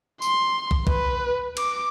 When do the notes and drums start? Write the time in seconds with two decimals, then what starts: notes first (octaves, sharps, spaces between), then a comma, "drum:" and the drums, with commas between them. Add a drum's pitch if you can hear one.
0.22 C6, drum: tambourine
0.71 drum: kick
0.87 B4, drum: kick
1.57 D6, drum: cymbal